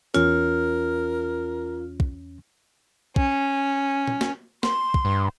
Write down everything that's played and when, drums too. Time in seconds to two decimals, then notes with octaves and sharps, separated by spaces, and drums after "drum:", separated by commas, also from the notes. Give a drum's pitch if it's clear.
0.14 E2 C#4 F4 A#4, drum: hi-hat
2.00 drum: kick
3.16 C#4, drum: kick
4.07 drum: tom A#2
4.21 drum: snare
4.63 C6, drum: snare
4.94 drum: kick
5.05 G2